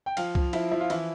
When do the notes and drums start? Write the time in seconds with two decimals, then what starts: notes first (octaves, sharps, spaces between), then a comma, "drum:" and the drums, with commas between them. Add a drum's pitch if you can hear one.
0.06 G5
0.17 F3 F4 F5, drum: cymbal
0.35 F3, drum: kick C2
0.53 F3 E4 E5, drum: cymbal
0.71 F3 E4
0.81 F4
0.90 E3 E4, drum: cymbal